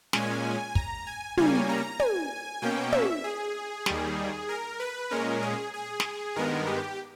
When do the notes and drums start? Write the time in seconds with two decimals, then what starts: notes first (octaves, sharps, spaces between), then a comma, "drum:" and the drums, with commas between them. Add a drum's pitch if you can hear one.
0.13 A#2 G#3 C#4 G#5, drum: snare
0.75 A#5, drum: kick
1.07 G#5
1.37 C#3 G3 A#3 C#4 G#5, drum: tom
1.69 A#5
2.00 G#5, drum: tom
2.62 B2 A#3 C#4 G5
2.92 E5, drum: tom
3.24 G#4
3.86 D#2 D#3 G3, drum: snare
4.49 A#4
4.79 B4
5.11 A#2 G#3 C#4 A#4
5.42 G#4
5.74 G#4
6.00 drum: snare
6.36 G2 D#3 G#3 B3 A#4
6.67 G4